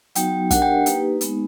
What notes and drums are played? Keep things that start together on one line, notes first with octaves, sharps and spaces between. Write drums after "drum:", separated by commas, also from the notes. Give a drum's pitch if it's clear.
F#3 B3 D#4 F#4 G5, drum: hi-hat
D4 G4 A#4 D#5 F#5, drum: kick, hi-hat
G5
A#3 D#4 G4 B4, drum: hi-hat
G#3 B3 D#4, drum: hi-hat